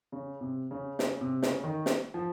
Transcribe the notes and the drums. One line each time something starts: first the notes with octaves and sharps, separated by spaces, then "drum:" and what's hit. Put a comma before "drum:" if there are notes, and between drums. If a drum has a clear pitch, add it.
C#3
C3
C#3
C#3, drum: snare
C3
C#3, drum: snare
D#3
drum: snare
F3